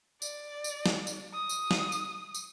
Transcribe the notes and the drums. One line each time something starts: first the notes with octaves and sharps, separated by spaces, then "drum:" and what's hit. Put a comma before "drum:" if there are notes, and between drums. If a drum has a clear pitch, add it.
D5, drum: tambourine
drum: tambourine
drum: snare
drum: tambourine
D#6
drum: tambourine
drum: snare
drum: tambourine
drum: tambourine